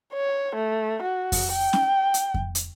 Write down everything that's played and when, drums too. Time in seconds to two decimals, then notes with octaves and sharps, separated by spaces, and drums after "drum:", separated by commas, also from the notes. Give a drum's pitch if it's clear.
0.14 C#5
0.55 A3
1.02 F#4
1.32 drum: kick F2, open hi-hat
1.52 G5
1.73 drum: snare C#4
2.14 drum: hi-hat
2.34 drum: kick F2
2.55 drum: hi-hat